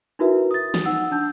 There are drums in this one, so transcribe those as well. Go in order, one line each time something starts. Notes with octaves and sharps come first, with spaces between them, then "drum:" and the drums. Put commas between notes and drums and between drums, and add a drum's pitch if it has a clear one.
D#4 E4 F#4 A#4 B4 E5
D#6 A6
drum: snare
D#4 F#5 E6
D4 A5 E6 G6